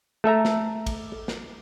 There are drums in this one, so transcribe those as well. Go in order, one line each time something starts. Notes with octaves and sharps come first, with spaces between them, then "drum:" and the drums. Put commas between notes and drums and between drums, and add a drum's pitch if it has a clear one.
A3 A4 E5 A#5
drum: snare
drum: kick, cymbal
drum: snare